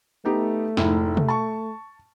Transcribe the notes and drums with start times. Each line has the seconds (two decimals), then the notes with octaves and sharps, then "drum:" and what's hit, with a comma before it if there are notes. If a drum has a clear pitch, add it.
0.25 A3 B3 D#4 G4
0.77 F1 G#2 E4, drum: snare
1.17 drum: tom
1.28 A5 C#6